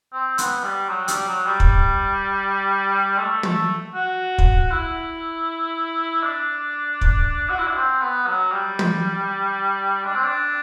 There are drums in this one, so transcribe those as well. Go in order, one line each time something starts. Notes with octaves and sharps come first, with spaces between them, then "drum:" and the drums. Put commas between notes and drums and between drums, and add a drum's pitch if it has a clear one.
C4
B3, drum: hi-hat
G3
F#3
G3, drum: hi-hat
F#3
G3
drum: kick
A3
A3, drum: tom
F#4
drum: kick
E4
D4
drum: kick
F#4
E4
D4
C4
B3
F#3
G3
drum: tom
D4
C4
D4